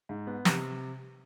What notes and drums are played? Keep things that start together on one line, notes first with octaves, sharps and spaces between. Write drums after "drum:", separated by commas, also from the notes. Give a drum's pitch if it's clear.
G#2
B3
C3, drum: snare